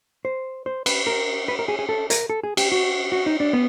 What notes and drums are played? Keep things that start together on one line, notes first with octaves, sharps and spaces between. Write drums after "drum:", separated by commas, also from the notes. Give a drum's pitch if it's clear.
C5
C5
B4, drum: cymbal
A#4
B4
A#4
G#4
G#4
A4
A#4, drum: hi-hat
A4
G#4
G4, drum: cymbal
F#4
F#4
D#4
D4
B3